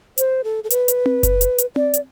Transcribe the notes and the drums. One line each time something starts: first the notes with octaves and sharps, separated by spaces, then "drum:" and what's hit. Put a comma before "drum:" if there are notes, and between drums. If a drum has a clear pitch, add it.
C5, drum: hi-hat
A4
A4
B4, drum: hi-hat
drum: hi-hat
drum: tom C4
drum: kick F#1, hi-hat
drum: hi-hat
drum: hi-hat
D5, drum: tom C4
drum: hi-hat